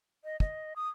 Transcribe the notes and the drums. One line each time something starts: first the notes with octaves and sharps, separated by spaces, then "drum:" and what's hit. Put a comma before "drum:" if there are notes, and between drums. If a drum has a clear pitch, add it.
D#5
D#5, drum: kick
D#6